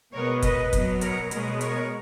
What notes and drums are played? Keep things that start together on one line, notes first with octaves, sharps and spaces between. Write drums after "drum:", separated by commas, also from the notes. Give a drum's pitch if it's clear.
B2 G#3 B3 A#4 C#5
B4 D#5, drum: kick, hi-hat
B2 F#3 B3, drum: kick, hi-hat
A#4 C#5, drum: hi-hat
B2 G#3 B3 A#4 C#5, drum: hi-hat
A#4 C#5, drum: hi-hat